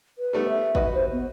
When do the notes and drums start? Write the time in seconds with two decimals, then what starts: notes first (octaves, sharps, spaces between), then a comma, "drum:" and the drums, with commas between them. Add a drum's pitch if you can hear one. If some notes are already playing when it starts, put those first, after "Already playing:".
0.19 B4
0.33 G3 A3 B3
0.49 E5
0.75 F#4 B4 D#5, drum: kick
0.95 C5
1.12 B3